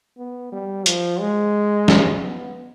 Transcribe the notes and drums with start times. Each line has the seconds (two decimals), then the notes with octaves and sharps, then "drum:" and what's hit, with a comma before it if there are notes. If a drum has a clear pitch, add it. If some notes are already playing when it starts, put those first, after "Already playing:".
0.18 B3
0.52 G3
0.86 F3, drum: hi-hat
1.20 G#3
1.88 drum: snare
2.23 B3